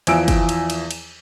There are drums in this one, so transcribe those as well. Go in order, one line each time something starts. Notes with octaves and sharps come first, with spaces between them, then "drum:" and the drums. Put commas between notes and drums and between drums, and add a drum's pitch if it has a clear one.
E2 E3 F3 E6 D7, drum: cymbal
drum: kick, cymbal
drum: cymbal
drum: cymbal
drum: cymbal